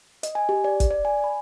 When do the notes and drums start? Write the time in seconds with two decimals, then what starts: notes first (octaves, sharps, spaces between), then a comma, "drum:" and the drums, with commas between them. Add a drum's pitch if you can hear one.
0.23 D#5, drum: hi-hat
0.35 G#5
0.49 G4
0.64 D5
0.80 drum: kick, hi-hat
0.91 D5
1.05 G#5
1.24 B5